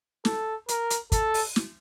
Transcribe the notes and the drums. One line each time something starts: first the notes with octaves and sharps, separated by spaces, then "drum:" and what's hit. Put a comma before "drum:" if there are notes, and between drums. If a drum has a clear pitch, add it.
A4, drum: snare
A#4, drum: hi-hat
drum: hi-hat
A4, drum: kick, hi-hat
drum: open hi-hat
drum: snare